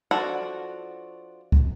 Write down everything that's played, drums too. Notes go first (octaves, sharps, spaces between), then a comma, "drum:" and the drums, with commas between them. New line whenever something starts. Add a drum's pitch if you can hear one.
F3 D4 F#4 A4
drum: kick